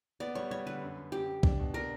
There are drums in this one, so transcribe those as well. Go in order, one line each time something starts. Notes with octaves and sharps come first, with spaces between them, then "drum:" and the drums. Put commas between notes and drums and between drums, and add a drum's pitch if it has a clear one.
B3 D5
G3 C#5
G3 C#5
D3 B4
F#2
F#2
F#2 G4
F#2
D4, drum: kick B1
B2
D4 A#4